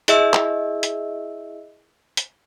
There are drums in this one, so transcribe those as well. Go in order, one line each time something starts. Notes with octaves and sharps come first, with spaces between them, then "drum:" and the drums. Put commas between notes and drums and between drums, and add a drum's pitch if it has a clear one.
E4 G#4 D#5 E5 E6, drum: hi-hat
drum: clap
drum: hi-hat
drum: hi-hat